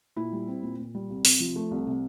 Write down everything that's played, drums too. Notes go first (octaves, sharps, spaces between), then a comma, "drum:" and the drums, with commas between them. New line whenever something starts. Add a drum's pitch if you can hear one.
A#2 E4
G3
C4
A#2
A#2
G3
C2
C3, drum: open hi-hat
F3
A3
C2
C3